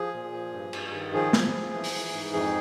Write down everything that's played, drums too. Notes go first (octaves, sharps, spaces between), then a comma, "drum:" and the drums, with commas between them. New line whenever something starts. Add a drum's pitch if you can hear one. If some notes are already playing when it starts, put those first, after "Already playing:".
Already playing: F3 G#4
A#2
F3
G2
G2, drum: cymbal
D#3
F3 G#4
F3, drum: snare
F3
E3
drum: open hi-hat
E3
G#2
F2 G#4